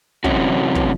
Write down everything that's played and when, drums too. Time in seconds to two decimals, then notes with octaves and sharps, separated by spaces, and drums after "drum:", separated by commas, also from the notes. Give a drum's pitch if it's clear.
0.24 F#2 C3 E3 C#4 F#4, drum: kick
0.75 drum: kick